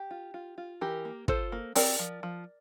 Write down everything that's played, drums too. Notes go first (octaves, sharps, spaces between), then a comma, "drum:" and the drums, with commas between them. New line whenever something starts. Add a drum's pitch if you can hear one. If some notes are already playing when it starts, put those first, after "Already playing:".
Already playing: G4
F4
F4
F4
E3 G4 A#4
A#3
F4 A4 C5, drum: kick
A#3
C4 A#4 D5, drum: open hi-hat
F3
F3